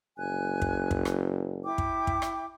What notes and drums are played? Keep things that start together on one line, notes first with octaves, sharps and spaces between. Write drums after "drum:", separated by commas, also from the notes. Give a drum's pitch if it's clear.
F#1 G#5 F#6
drum: kick
drum: kick
drum: rim click
E4 G5 D6
drum: kick
drum: kick
drum: rim click